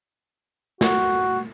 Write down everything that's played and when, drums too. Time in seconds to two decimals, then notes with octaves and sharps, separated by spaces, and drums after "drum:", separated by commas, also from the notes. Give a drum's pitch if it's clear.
0.81 F#4, drum: snare